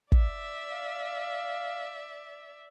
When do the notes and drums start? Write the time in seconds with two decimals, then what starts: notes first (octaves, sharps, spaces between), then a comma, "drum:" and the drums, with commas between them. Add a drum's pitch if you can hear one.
0.12 D5 E5, drum: kick
0.71 F5